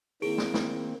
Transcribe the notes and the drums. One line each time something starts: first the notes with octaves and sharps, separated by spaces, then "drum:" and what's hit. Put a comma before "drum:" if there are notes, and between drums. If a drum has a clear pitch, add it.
D#3 A#3 C4 E4 G#4 D7, drum: open hi-hat
drum: snare
drum: snare